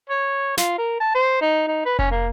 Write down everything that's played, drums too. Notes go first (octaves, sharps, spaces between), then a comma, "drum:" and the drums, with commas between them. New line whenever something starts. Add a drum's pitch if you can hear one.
C#5
F4, drum: snare
A#4
A5
C5
D#4
D#4
B4
C#4, drum: kick F1
A#3